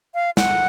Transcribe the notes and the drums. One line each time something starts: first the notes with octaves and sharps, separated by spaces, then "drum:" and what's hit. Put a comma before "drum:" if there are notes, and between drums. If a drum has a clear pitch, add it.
F5
F#5, drum: snare